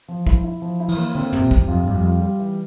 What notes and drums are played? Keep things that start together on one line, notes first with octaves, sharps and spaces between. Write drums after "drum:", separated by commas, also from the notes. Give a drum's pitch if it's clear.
F3
E4, drum: kick
E4
F3
E4
E3, drum: cymbal
A#3
D3 C4
C3, drum: tom
A#2
C3, drum: kick
E2
F2 F4
G2 G3
F2
F4
G3
E3